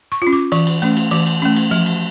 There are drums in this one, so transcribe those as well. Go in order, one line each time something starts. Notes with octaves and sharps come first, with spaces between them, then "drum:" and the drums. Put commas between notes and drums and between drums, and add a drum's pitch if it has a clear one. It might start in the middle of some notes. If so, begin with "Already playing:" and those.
C#6
C#4 F4
D6
E3 C#6, drum: cymbal
drum: cymbal
A3 C#4, drum: cymbal
drum: cymbal
E3 D6, drum: cymbal
drum: cymbal
A3 C#4
drum: cymbal
F3, drum: cymbal
drum: cymbal